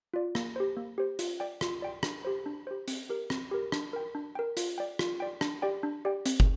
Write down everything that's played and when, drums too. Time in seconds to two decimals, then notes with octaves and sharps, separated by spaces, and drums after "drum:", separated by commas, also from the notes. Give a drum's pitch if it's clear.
0.14 F4 D5
0.35 A#3, drum: rim click
0.56 G4 C5
0.77 A#3
0.98 G4 C5
1.19 F4, drum: hi-hat
1.40 D5 G5
1.61 F4, drum: rim click
1.82 D5 G5
2.03 D4, drum: rim click
2.25 G4 C5
2.46 D4
2.67 G4 C5
2.88 C4, drum: hi-hat
3.09 G4 A#4
3.30 C4, drum: rim click
3.51 G4 A#4
3.72 D4, drum: rim click
3.93 A#4 G5
4.15 D4
4.35 A#4 G5
4.57 F4, drum: hi-hat
4.78 D5 G5
4.99 F4, drum: rim click
5.20 D5 G5
5.41 D4, drum: rim click
5.62 G4 D5 G5
5.83 D4
6.05 G4 D5 G5
6.26 C4, drum: hi-hat
6.40 drum: kick